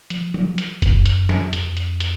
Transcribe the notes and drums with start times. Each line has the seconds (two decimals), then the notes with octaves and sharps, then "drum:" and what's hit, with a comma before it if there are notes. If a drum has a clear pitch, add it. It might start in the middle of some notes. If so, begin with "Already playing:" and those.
0.10 F3, drum: hi-hat
0.34 drum: tom
0.58 drum: hi-hat
0.82 F#2, drum: kick, hi-hat
1.06 drum: hi-hat
1.29 drum: snare
1.53 F2, drum: hi-hat
1.77 drum: hi-hat
2.00 drum: hi-hat